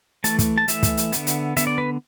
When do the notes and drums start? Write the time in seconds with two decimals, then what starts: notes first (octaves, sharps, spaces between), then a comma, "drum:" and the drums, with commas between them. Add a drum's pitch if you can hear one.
0.24 E3 A3 A5, drum: hi-hat
0.39 drum: kick, hi-hat
0.58 A5
0.68 E3 A3 E5, drum: hi-hat
0.83 drum: kick, hi-hat
0.97 drum: hi-hat
1.12 D3 B3, drum: hi-hat
1.27 drum: hi-hat
1.57 D3 B3 E5, drum: hi-hat
1.67 D5
1.78 B4